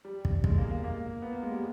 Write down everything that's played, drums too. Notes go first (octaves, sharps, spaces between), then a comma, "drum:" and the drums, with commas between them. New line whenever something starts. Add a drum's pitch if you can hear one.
G3
drum: kick
G#3, drum: kick
A#3
A#3
A#3
B3
A#3
G#3
G3